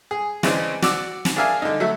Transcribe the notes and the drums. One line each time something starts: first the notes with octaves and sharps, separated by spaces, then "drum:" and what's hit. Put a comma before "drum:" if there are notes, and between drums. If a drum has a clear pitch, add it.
G#4
C#3 E3 G#3 C4 D4, drum: snare
F#4 D5 D6 E6, drum: snare
drum: snare
D4 G#4 A#4 E5 F5 G#5
D3 D#4
F#3 A3 E5